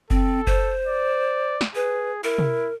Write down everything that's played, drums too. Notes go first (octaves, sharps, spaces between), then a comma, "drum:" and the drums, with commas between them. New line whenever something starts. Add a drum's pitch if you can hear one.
C4 A4, drum: kick F#1
C5, drum: kick F#1
D5
drum: snare
G#4 B4
E4 A#4
drum: tom